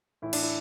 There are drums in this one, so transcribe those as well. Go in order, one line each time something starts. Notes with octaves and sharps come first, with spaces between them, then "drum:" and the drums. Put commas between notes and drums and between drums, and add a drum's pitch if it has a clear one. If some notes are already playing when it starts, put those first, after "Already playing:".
A2 E3 E4
D4, drum: cymbal
E4